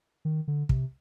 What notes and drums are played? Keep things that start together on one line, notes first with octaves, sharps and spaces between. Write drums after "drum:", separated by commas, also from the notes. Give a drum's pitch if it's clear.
D#3
D3
C3, drum: kick